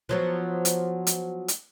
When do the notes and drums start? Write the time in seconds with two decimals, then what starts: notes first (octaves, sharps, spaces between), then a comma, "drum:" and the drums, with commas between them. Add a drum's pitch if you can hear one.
0.09 F3 F#3 B3
0.65 drum: hi-hat
1.07 drum: hi-hat
1.48 drum: hi-hat